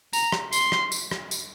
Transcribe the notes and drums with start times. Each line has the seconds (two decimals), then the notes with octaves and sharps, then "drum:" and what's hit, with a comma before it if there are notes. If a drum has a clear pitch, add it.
0.13 A#5, drum: tambourine
0.32 drum: rim click
0.53 C6, drum: tambourine
0.72 drum: rim click
0.92 drum: tambourine
1.11 drum: rim click
1.31 drum: tambourine